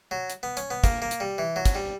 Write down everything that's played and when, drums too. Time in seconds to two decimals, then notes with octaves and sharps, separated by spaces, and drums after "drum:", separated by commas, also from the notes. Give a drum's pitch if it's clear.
0.11 F#3
0.30 drum: hi-hat
0.43 B3
0.57 C#4, drum: hi-hat
0.71 B3
0.84 A#3, drum: kick, hi-hat
1.02 A#3
1.11 drum: hi-hat
1.20 G3
1.38 E3
1.56 F#3
1.65 drum: kick, hi-hat
1.75 G3